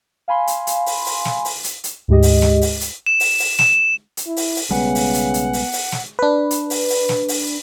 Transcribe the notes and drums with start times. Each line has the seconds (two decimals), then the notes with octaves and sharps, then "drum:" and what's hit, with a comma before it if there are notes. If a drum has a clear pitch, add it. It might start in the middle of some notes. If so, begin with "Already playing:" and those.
0.28 F5 G#5 B5 C6
0.47 drum: hi-hat
0.67 drum: hi-hat
0.86 drum: open hi-hat
1.06 drum: open hi-hat
1.25 drum: snare
1.45 drum: open hi-hat
1.64 drum: hi-hat
1.84 drum: hi-hat
2.08 D2 G#2 G#3 G4 D#5
2.23 drum: open hi-hat
2.42 drum: snare
2.61 drum: open hi-hat
2.81 drum: hi-hat
3.06 E7
3.20 drum: open hi-hat
3.39 drum: open hi-hat
3.59 E7, drum: snare
4.17 drum: hi-hat
4.27 E4
4.37 drum: open hi-hat
4.56 drum: open hi-hat
4.70 B1 C#3 G3 G#3 B3 B4 F#5 G#5
4.95 drum: open hi-hat
5.14 drum: hi-hat
5.34 drum: hi-hat
5.53 drum: open hi-hat
5.73 drum: open hi-hat
5.92 drum: snare
6.19 D4 B4
6.51 drum: hi-hat
6.70 drum: open hi-hat
6.89 drum: open hi-hat
7.09 drum: snare
7.28 drum: open hi-hat